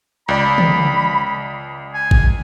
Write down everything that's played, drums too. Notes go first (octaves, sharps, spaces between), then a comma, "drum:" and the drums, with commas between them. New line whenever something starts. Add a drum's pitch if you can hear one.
C#2 D5 B5
drum: tom
G#5
drum: kick G#1